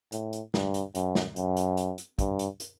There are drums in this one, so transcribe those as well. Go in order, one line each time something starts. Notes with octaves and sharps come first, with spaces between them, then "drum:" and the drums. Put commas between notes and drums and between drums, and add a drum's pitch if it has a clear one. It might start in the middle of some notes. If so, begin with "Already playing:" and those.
A2, drum: hi-hat
drum: hi-hat
G2, drum: snare
drum: hi-hat
F#2, drum: hi-hat
drum: snare
F#2, drum: hi-hat
drum: hi-hat
drum: hi-hat
drum: hi-hat
G2, drum: kick, hi-hat
drum: hi-hat
drum: hi-hat